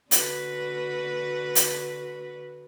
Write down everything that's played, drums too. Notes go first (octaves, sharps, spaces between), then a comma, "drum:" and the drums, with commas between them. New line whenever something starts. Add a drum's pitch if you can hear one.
D3 F#4 B4, drum: hi-hat
drum: hi-hat